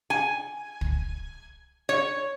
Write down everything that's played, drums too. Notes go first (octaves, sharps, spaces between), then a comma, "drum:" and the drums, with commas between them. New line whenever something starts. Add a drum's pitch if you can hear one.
G#5
drum: kick
C#5